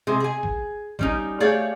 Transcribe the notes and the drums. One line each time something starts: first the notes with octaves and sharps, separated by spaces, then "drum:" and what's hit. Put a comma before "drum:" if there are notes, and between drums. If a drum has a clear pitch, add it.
C3 G#3 G#4
G#4 G#5
drum: kick
G3 C#4 D#4, drum: kick
A3 G4 G#4 C#5 D5 F5